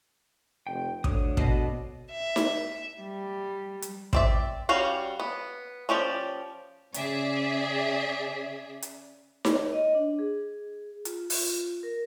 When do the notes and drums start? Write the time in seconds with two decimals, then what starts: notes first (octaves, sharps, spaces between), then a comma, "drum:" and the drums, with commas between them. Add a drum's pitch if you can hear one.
0.67 F1 G5
1.04 D2 D3 C#5 D#6, drum: kick
1.37 B2, drum: kick
2.11 E5
2.36 drum: snare D#4
2.99 G3
3.82 drum: hi-hat
4.13 C4 D5 E5, drum: kick
4.69 G3 C#4 F#4 F5
5.20 B3
5.89 F3 C#4 G4 D5
6.94 C#3 G#4 D5 E5, drum: hi-hat
8.82 drum: hi-hat
9.45 C#5, drum: snare D#4
9.73 D#5
9.95 D4
10.19 G#4
11.05 F4, drum: hi-hat
11.30 F4, drum: open hi-hat
11.83 A#4